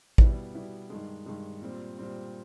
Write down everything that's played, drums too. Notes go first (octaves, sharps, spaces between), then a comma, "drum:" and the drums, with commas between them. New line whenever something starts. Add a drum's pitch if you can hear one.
B2 G3 B3 E4, drum: kick A1
B2 G3 B3 E4
G2 D#3 G#3
G2 D#3 G#3
A#2 G3 C4
A#2 G3 C4